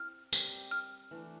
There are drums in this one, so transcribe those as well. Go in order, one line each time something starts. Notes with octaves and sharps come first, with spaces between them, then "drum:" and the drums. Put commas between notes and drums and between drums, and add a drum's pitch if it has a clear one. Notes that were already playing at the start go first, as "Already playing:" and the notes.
Already playing: C4 E4 G4 F6
G3 C4 G4 A#4, drum: tambourine
F6
E3 A3 D4